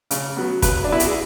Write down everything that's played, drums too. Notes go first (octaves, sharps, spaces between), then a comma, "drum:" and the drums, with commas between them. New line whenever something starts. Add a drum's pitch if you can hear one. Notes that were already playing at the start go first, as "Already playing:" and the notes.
C#3, drum: hi-hat
F#3 B3
C#3 B4, drum: kick, hi-hat
D4
F#3 B3 E4
F#4, drum: hi-hat
G#4